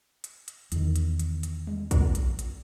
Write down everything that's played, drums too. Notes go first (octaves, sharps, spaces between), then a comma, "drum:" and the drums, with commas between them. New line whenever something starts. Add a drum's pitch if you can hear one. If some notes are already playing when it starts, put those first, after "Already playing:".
drum: hi-hat
drum: hi-hat
E2 D#3, drum: hi-hat
drum: hi-hat
drum: hi-hat
drum: hi-hat
drum: tom G3
drum: kick, hi-hat
drum: hi-hat
drum: hi-hat